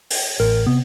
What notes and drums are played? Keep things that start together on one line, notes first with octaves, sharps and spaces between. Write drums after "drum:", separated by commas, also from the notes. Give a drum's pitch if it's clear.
drum: open hi-hat
A1 A#4
C3 B3